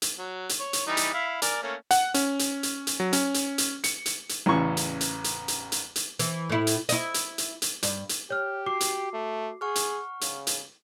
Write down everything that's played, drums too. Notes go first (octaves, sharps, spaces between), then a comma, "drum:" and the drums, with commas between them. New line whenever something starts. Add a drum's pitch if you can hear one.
drum: hi-hat
F#3
drum: hi-hat
C#5
drum: hi-hat
E3 G3 D#4
drum: hi-hat
E4 E5 F5
A#4 D5 G#5, drum: hi-hat
A3 A#3 C#4
F#5, drum: hi-hat
C#4, drum: hi-hat
drum: hi-hat
drum: hi-hat
drum: hi-hat
F#3
C#4, drum: hi-hat
drum: hi-hat
drum: hi-hat
C#7, drum: hi-hat
drum: hi-hat
drum: hi-hat
A1 E2 C#3 E3 C#6
drum: hi-hat
drum: hi-hat
drum: hi-hat
drum: hi-hat
drum: hi-hat
drum: hi-hat
E3, drum: hi-hat
A2 E4
drum: hi-hat
E4 D#5, drum: hi-hat
drum: hi-hat
drum: hi-hat
drum: hi-hat
G2, drum: hi-hat
drum: hi-hat
G4 C#5 F6
F#4 D6 C7
drum: hi-hat
A3
G#4 F#5 C#6 F6
drum: hi-hat
C#3, drum: hi-hat
drum: hi-hat